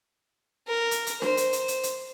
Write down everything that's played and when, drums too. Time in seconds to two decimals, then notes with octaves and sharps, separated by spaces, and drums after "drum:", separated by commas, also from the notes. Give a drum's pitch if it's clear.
0.68 A#4
0.91 drum: hi-hat
1.07 drum: hi-hat
1.22 C5, drum: snare D4
1.37 drum: hi-hat
1.53 drum: hi-hat
1.68 drum: hi-hat
1.83 drum: hi-hat